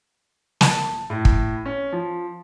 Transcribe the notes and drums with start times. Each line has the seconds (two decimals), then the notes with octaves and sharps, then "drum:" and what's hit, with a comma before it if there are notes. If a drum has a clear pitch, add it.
0.61 A5, drum: snare
1.10 A2
1.25 drum: kick
1.66 C#4
1.92 F3